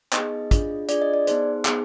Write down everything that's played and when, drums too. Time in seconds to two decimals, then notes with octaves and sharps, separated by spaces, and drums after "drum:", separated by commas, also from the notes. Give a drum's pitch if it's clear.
0.13 B3 D#4 G#4 D#5, drum: clap
0.51 D4 F4 G#4, drum: kick, hi-hat
0.89 D4 F4 G#4 D5, drum: hi-hat
1.02 D#5
1.14 D5
1.27 B3 D#4 G#4 C5, drum: hi-hat
1.65 B3 D#4 G#4, drum: clap